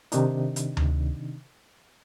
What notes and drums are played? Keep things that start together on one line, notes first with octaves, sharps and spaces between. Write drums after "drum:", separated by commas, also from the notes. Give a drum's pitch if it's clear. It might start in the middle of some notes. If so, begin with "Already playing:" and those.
C3 D#3 D4 D#4, drum: hi-hat
drum: hi-hat
drum: tom D2